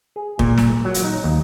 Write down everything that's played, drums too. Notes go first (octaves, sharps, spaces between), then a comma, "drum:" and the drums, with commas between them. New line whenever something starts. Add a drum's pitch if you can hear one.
G#4
A#2, drum: kick
drum: snare
F#3
drum: hi-hat
D#4
D#2